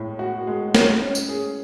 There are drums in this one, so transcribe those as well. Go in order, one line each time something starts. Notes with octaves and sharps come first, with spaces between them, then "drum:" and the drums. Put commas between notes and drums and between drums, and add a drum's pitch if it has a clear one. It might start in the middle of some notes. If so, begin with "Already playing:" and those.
Already playing: A2 G#3
F#4
G#3
C#5, drum: snare
C#4
drum: tambourine
G#4